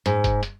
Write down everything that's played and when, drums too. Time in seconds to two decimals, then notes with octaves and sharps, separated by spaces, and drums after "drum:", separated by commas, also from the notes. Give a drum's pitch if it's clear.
0.06 G#2, drum: hi-hat
0.24 drum: kick, hi-hat
0.43 drum: hi-hat